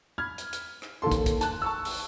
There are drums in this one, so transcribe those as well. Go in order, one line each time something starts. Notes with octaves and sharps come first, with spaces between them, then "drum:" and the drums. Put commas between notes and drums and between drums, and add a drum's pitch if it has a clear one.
B5 F6 G#6
drum: hi-hat
drum: hi-hat
drum: rim click
D#2 A#3 A4 C6
drum: kick, hi-hat
drum: kick, hi-hat
A5 F#6, drum: hi-hat
A5 C#6 E6
drum: open hi-hat